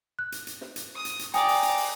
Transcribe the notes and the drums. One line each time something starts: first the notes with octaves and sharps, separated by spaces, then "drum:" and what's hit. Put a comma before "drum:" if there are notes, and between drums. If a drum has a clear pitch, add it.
F#6
drum: hi-hat
drum: hi-hat
drum: snare
drum: hi-hat
D#6
drum: hi-hat
drum: hi-hat
D5 G5 G#5 A#5 D#6, drum: hi-hat
drum: open hi-hat
drum: hi-hat
drum: open hi-hat